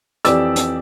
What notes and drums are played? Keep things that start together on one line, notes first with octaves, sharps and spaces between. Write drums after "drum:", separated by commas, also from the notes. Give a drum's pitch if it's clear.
F2 E3 G4 D5 E6, drum: hi-hat
drum: hi-hat